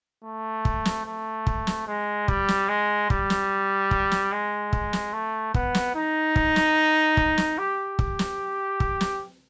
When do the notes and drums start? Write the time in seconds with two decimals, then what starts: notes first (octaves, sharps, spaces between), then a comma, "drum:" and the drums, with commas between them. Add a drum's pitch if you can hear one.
0.24 A3
0.65 drum: kick
0.85 drum: snare
1.06 A3
1.47 drum: kick
1.67 drum: snare
1.87 G#3
2.28 G3, drum: kick
2.48 drum: snare
2.69 G#3
3.10 G3, drum: kick
3.30 drum: snare
3.91 drum: kick
4.12 drum: snare
4.32 G#3
4.73 drum: kick
4.93 drum: snare
5.13 A3
5.54 B3, drum: kick
5.75 drum: snare
5.95 D#4
6.36 drum: kick
6.56 drum: snare
7.17 drum: kick
7.38 drum: snare
7.58 G4
7.99 drum: kick
8.19 drum: snare
8.80 drum: kick
9.01 drum: snare